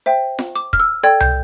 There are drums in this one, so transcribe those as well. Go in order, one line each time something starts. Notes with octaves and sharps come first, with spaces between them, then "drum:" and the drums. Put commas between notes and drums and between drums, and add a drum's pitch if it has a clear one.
C5 E5 G5
drum: snare F4
D6
F6, drum: kick
E6
A4 D5 G5 G#6
G6, drum: tom C2